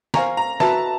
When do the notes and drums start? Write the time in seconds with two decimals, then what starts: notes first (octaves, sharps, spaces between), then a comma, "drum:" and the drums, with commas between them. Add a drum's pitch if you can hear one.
0.14 C5 F5 G#5 A#5 C#6, drum: snare
0.37 A#5
0.60 F#4 B4 E5 A5, drum: snare